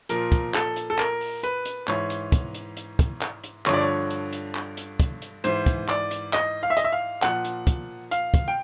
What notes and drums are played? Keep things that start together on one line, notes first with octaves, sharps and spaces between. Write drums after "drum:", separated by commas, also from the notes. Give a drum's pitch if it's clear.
A#2 F3 A#4, drum: hi-hat
drum: kick, hi-hat
A4, drum: clap
drum: hi-hat
A4
A#4, drum: clap
drum: open hi-hat
B4, drum: hi-hat
drum: hi-hat
G#2 E3 C#5, drum: clap
drum: hi-hat
drum: kick, hi-hat
drum: hi-hat
drum: hi-hat
drum: kick, hi-hat
drum: clap
drum: hi-hat
G2 D3 F3 C#5, drum: clap
D5
C#5
drum: hi-hat
drum: hi-hat
drum: clap
drum: hi-hat
drum: kick, hi-hat
drum: hi-hat
G#2 E3 C5, drum: hi-hat
drum: kick, hi-hat
D5, drum: clap
drum: hi-hat
D#5, drum: clap
F5
E5
D#5, drum: hi-hat
E5
F5
A#2 F3 F#5, drum: clap
drum: hi-hat
drum: kick, hi-hat
F5, drum: hi-hat
drum: kick, hi-hat
G5